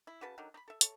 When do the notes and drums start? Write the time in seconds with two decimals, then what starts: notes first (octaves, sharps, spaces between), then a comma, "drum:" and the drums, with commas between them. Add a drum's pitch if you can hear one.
0.07 E4
0.21 C#3 F#4 B4 A5
0.38 D3 D#3 F#3
0.54 D#4 B5
0.68 A4 E5
0.81 A4 C#5, drum: hi-hat